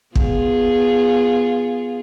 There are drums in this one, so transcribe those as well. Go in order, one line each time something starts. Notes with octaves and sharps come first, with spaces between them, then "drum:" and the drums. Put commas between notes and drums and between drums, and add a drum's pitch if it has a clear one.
B3 F4 G#4, drum: kick